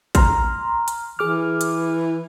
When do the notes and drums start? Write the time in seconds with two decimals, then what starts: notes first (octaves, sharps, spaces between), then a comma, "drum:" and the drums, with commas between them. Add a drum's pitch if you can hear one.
0.15 A#5 C6 F6, drum: kick, hi-hat
0.88 drum: hi-hat
1.19 E3 G#4 D6 F6
1.61 drum: hi-hat